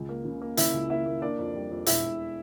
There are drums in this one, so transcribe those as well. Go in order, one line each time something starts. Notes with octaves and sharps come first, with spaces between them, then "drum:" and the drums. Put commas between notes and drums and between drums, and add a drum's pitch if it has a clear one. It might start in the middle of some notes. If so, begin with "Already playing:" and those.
Already playing: C#2
A#3
C#3
A#3
C#3 E4 E5, drum: hi-hat
C#2
A#3 E4 E5
A#3
A#3 D4 D5
F2
G3
F2
E1 E4 E5, drum: hi-hat
E1